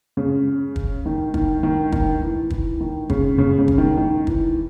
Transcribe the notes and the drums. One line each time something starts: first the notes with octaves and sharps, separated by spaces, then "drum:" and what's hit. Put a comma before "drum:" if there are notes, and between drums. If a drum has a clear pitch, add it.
C#3
drum: kick
D#3
D#3, drum: kick
D#3
D#3, drum: kick
E3
E3, drum: kick
D#3
C#3, drum: kick
C#3
C#3
drum: kick
D#3
D#3
E3, drum: kick